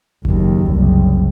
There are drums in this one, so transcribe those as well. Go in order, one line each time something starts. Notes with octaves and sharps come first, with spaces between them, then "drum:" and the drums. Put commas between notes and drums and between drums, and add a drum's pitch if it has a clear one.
F#1 D#2, drum: kick G1
F#1 C2